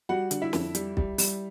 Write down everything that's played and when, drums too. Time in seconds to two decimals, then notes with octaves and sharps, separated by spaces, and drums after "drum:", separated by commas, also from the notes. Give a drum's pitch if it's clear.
0.09 G3 F#4 F#5
0.31 D3, drum: hi-hat
0.42 E4 E5
0.53 F2, drum: snare
0.75 G3, drum: hi-hat
0.97 G3, drum: kick
1.18 G3, drum: open hi-hat